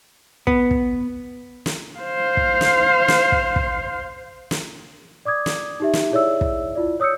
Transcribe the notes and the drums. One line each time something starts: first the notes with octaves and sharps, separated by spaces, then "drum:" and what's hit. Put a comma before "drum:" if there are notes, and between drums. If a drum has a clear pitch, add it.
B3, drum: kick
drum: kick
drum: snare
C5 F5
drum: kick
drum: snare
drum: snare
drum: kick
drum: kick
drum: snare
D5 D6 D#6 G#6
drum: snare
D#4 G4 E5
drum: snare
E4 G#4 C#5 D5 E5 E6
drum: kick
E4 F4 D5
C#5 D#6 E6 G6 C#7